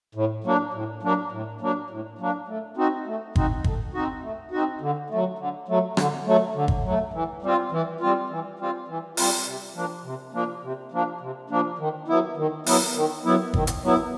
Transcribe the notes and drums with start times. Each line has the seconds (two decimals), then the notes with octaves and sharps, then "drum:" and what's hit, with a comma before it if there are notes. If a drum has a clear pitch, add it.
0.15 A2
0.44 F#3 A#3 D4
0.74 A2
1.03 F#3 A#3 D4
1.32 A2
1.61 F#3 A#3 D4
1.90 A2
2.19 F#3 A#3 D4
2.48 A3
2.77 C4 D#4 F#4
3.06 A3
3.36 C4 D#4 F#4, drum: kick G1
3.64 A3, drum: kick G1
3.94 C4 D#4 F#4
4.22 A3
4.51 C4 D#4 F#4
4.81 D3
5.10 F#3 A3
5.39 D3
5.68 F#3 A3
5.97 D3, drum: rim click
6.27 F#3 A3
6.55 D3
6.68 drum: kick G1
6.84 F#3 A3
7.13 E3
7.42 G3 C4 F4
7.72 E3
8.01 G3 C4 F4
8.30 E3
8.59 G3 C4 F4
8.88 E3
9.17 G3 C4 F4, drum: open hi-hat
9.46 C3
9.75 F3 A#3 D4
10.04 C3
10.33 F3 A#3 D4
10.62 C3
10.92 F3 A#3 D4
11.21 C3
11.50 F3 A#3 D4
11.79 D#3
12.08 F#3 B3 E4
12.37 D#3
12.66 F#3 B3 E4, drum: open hi-hat
12.95 D#3
13.25 F#3 B3 E4
13.54 D#3, drum: kick G1
13.67 drum: hi-hat
13.83 F#3 B3 E4